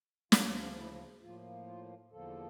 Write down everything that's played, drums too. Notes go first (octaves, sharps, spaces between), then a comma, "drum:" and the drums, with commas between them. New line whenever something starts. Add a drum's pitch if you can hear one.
D2 C#3 F3 F4, drum: snare
E4
A2 F3 A#3 F4
F4
E2 D3 F3 A#3 A4